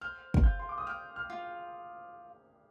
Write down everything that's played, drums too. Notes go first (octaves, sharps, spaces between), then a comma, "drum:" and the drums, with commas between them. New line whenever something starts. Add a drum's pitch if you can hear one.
C5 F6
drum: kick
F4 G6
C6
D6
D#6
G5 F6
F6
F4